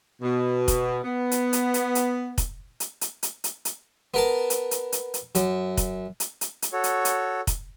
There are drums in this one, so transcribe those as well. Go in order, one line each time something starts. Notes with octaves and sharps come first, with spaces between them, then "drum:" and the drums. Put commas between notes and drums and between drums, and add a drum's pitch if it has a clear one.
B2
drum: kick, hi-hat
B3
drum: hi-hat
drum: hi-hat
drum: hi-hat
drum: hi-hat
drum: kick, hi-hat
drum: hi-hat
drum: hi-hat
drum: hi-hat
drum: hi-hat
drum: hi-hat
B3 A#4 A5
drum: hi-hat
drum: hi-hat
drum: hi-hat
drum: hi-hat
F#2, drum: hi-hat
drum: kick, hi-hat
drum: hi-hat
drum: hi-hat
drum: hi-hat
F#4 A4 C#5
drum: hi-hat
drum: hi-hat
drum: kick, hi-hat